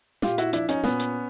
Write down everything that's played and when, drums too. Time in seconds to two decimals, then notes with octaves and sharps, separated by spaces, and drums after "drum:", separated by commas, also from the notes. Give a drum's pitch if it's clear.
0.22 A#2 F4 G4, drum: snare
0.38 E4 F#4, drum: hi-hat
0.53 F3 D4 E4, drum: hi-hat
0.69 C#4 D#4, drum: hi-hat
0.84 A#2 B3 C#4, drum: snare
1.00 drum: hi-hat